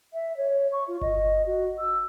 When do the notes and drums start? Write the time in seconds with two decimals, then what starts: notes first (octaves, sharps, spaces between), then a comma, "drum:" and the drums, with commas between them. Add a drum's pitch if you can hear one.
0.13 E5
0.37 C#5
0.72 C#6
0.88 F4
1.01 D#5, drum: kick G1
1.46 F#4
1.79 E6